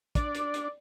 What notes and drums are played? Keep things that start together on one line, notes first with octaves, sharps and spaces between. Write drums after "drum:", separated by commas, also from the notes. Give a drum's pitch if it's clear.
D4 D5, drum: kick, hi-hat
drum: hi-hat
drum: hi-hat